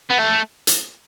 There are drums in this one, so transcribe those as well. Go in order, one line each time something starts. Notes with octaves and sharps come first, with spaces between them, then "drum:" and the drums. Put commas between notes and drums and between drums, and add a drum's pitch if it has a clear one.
B3
A3
drum: hi-hat